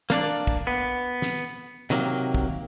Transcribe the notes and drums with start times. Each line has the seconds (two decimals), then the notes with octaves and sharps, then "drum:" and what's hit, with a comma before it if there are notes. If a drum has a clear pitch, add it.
0.10 A#3 D4 D5, drum: snare
0.47 drum: kick
0.67 B3
1.22 drum: snare
1.90 C3 D#3 F#3 A#3
2.34 drum: kick